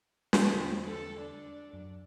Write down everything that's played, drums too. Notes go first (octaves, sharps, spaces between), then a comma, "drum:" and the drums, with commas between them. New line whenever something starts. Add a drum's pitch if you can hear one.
drum: snare
E2 D3 C4
A4
D4
F#2